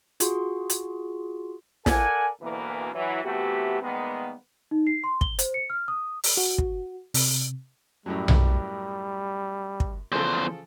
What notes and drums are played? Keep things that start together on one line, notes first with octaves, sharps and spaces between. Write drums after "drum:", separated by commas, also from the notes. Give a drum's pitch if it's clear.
F4 F#4 G#4 C6, drum: hi-hat
drum: hi-hat
A4 A#4 D5 F#5 G#5, drum: snare
D2 B2 E3 A#3
E3 F#3
C3 E3 A3 B3 F#4 G4
D#3 G3 G#3 A#3 B3
D#4
C7
C6
G7, drum: kick
C5, drum: hi-hat
C#7
F6
D#6
drum: open hi-hat
F#4
drum: kick
C3, drum: open hi-hat
F#2 A2 F#3 G3
drum: tom B1
drum: kick
E2 C#3 F3 A4 C5